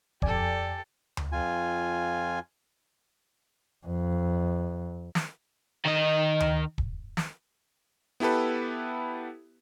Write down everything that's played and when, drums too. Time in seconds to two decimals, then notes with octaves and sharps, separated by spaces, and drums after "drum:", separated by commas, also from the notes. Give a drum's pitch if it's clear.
0.22 F2 G4 A4 D5 G#5, drum: kick
1.17 drum: tom D2
1.32 F2 F4 G#5
3.87 F2
5.15 drum: snare
5.86 D#3 D#5
6.40 drum: tom D2
6.78 drum: kick
7.17 drum: snare
8.20 B3 E4 G4 A4 B4